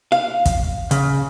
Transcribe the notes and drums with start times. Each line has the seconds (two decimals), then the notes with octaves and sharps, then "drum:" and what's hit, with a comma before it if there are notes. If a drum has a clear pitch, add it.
0.12 F5
0.46 drum: kick, hi-hat
0.91 C#3, drum: hi-hat